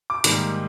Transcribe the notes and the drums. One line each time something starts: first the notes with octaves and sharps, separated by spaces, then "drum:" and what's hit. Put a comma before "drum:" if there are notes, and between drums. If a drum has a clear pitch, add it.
D6
G#2 D#3 G3 A#3, drum: hi-hat